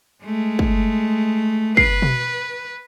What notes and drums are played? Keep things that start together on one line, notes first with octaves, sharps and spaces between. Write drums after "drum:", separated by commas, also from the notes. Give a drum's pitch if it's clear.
G#3 A3
drum: kick
B4 C7, drum: kick
drum: tom B2